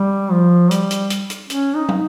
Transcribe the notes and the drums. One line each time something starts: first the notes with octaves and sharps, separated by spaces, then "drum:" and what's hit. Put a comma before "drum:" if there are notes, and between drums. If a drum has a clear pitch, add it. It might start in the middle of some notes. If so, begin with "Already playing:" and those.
Already playing: G3
F3
G3, drum: hi-hat
drum: hi-hat
drum: hi-hat
drum: hi-hat
C#4, drum: hi-hat
D#4
drum: tom